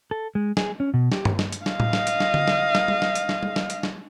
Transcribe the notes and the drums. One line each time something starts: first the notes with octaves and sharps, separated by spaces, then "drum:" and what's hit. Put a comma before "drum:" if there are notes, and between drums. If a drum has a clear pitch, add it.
A4
G#3
G#4, drum: snare
C#4
B2
G4, drum: snare
drum: tom G2
drum: snare
drum: hi-hat
D#5 F5, drum: snare
drum: tom A2
drum: snare
drum: hi-hat
drum: snare
drum: tom D3
drum: snare
drum: snare
drum: tom G3
drum: snare
drum: hi-hat
drum: snare
drum: tom G3
drum: snare
drum: hi-hat
drum: snare